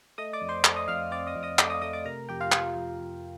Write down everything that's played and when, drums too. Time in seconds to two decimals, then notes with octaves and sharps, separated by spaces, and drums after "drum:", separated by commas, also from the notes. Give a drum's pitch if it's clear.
0.18 A3 D#5 D#6
0.33 D5 D6
0.41 F2
0.49 C5 C6
0.64 A3 D5 D6, drum: clap
0.76 D#5 D#6
0.88 F2 F5 F6
1.11 C4 D5 D6
1.27 D#5 D#6
1.35 F2
1.43 D#5 D#6
1.59 A3 D5 D6, drum: clap
1.70 D#5 D#6
1.82 A3 D#5 D#6
1.93 D5 D6
2.05 C3 A#4 A#5
2.29 F2 G4 G5
2.40 F4 F5
2.52 F2 F4 F5, drum: clap
2.76 F2
3.00 F2